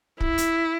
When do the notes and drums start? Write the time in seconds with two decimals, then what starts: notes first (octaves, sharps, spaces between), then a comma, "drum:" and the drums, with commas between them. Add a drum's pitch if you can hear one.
0.21 E4, drum: kick
0.38 drum: hi-hat